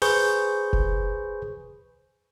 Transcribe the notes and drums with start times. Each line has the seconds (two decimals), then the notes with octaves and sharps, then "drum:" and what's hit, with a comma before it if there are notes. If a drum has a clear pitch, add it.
0.02 G#4 B4 C5 C#6 G6, drum: open hi-hat
0.73 drum: kick F1